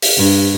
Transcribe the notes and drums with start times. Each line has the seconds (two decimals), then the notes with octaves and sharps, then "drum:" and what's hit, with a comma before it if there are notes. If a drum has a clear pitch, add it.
0.02 drum: open hi-hat
0.17 G2